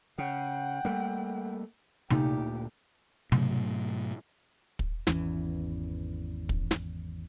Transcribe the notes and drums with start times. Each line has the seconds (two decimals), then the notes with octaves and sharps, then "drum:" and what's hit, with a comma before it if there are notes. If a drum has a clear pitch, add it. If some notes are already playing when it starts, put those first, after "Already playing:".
0.18 C#3 F#5 G5
0.85 G3 A3 A#3
2.10 D2 A#2 A3 D#4 G4, drum: tom C3
3.32 G#2 B2 F#3 A3, drum: tom C3
4.79 drum: kick
5.07 G#1 E2 E3 C#4, drum: snare
6.49 drum: kick
6.71 drum: snare